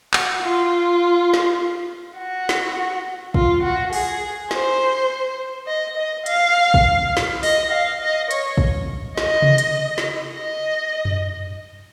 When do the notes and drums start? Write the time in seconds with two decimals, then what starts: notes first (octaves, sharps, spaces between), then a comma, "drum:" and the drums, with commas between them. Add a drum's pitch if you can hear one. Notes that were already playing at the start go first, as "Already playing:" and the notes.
0.14 F#4, drum: clap
0.43 F4
1.34 drum: snare
2.17 F#4
2.49 drum: snare
3.34 F4, drum: kick
3.63 F#4
3.93 G#4, drum: open hi-hat
4.51 C5, drum: snare
5.67 D#5
5.97 D#5
6.26 F5, drum: hi-hat
6.74 drum: kick
7.17 drum: snare
7.43 D#5, drum: open hi-hat
7.72 F5
8.01 D#5
8.31 C#5, drum: hi-hat
8.57 drum: kick
9.17 D#5, drum: snare
9.42 drum: tom C3
9.58 drum: hi-hat
9.98 drum: snare
10.35 D#5
11.05 drum: tom F#2